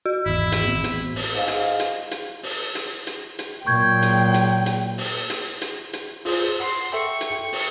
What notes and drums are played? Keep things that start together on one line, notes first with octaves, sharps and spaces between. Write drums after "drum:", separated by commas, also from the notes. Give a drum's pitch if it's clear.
F#4
G#1 E2 E4
drum: hi-hat
A1 B3 C4
drum: hi-hat
drum: open hi-hat
G#2 F5
drum: hi-hat
drum: hi-hat
drum: hi-hat
drum: open hi-hat
drum: hi-hat
drum: hi-hat
drum: hi-hat
A#2 F#3 G5 C#6 G6 G#6
drum: hi-hat
drum: hi-hat
drum: hi-hat
drum: open hi-hat
drum: hi-hat
drum: hi-hat
drum: hi-hat
F4 G#4 C5, drum: open hi-hat
F#5 C6
A4 E5 G5 C#6
drum: hi-hat
G5
drum: open hi-hat